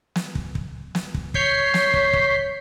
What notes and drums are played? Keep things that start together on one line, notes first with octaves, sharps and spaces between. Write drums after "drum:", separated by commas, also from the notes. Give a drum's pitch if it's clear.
drum: snare
drum: kick
drum: kick
drum: snare
drum: kick
C#5 G6 B6 C7, drum: kick
drum: snare
drum: kick
drum: kick